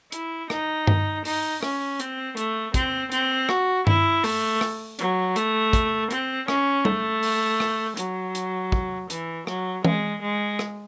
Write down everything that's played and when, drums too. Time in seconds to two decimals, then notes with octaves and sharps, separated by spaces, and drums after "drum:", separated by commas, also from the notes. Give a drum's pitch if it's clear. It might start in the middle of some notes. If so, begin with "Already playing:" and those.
0.12 E4, drum: hi-hat
0.50 D#4, drum: rim click
0.87 drum: tom G2
1.25 D#4, drum: open hi-hat
1.63 C#4, drum: rim click
2.00 C4, drum: hi-hat
2.37 A3, drum: hi-hat
2.74 C4, drum: kick, hi-hat
3.12 C4, drum: hi-hat
3.49 F#4, drum: rim click
3.87 E4, drum: tom G2
4.24 A3, drum: open hi-hat
4.61 drum: rim click
4.99 F#3, drum: hi-hat
5.36 A3, drum: hi-hat
5.73 drum: kick, hi-hat
6.11 C4, drum: hi-hat
6.48 C#4, drum: rim click
6.85 A3, drum: tom G3
7.23 drum: open hi-hat
7.60 drum: rim click
7.97 F#3, drum: hi-hat
8.35 drum: hi-hat
8.72 drum: kick
9.10 E3, drum: hi-hat
9.47 F#3, drum: rim click
9.85 G#3, drum: tom E3
10.22 G#3
10.59 drum: rim click